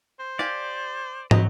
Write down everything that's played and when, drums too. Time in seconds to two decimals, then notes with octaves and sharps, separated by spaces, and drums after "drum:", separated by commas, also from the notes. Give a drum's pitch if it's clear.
0.20 C5
0.39 G4 D5 F5 G#5
1.31 F#3 B4 C5 D#5 A#5, drum: tom